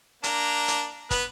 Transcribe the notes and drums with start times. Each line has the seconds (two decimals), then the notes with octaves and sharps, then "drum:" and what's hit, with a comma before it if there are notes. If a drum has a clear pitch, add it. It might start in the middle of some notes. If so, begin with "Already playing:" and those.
0.24 A#3 D4 A#5, drum: hi-hat
0.68 drum: hi-hat
1.11 B3 B4, drum: kick, hi-hat